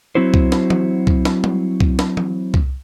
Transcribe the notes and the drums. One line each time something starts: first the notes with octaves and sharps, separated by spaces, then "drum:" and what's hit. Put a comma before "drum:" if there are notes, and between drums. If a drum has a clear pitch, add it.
F#3 C4 E4 F#4 C5
drum: kick C2
drum: snare
drum: tom E3
drum: kick C2
drum: snare
drum: tom G3
drum: kick C2
drum: snare
drum: tom E3
drum: kick C2